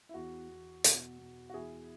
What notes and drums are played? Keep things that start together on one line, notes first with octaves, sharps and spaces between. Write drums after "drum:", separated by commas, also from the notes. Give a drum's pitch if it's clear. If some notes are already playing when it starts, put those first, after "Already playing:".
E4
E2 F#4
E2
B2, drum: hi-hat
B2
F#4
E2 E4 G#4